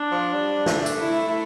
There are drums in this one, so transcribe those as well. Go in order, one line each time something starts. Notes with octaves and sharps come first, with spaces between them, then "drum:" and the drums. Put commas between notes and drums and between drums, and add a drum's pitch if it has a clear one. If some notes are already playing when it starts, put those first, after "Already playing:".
Already playing: D4
F3
G3
A3, drum: snare
drum: tambourine
E4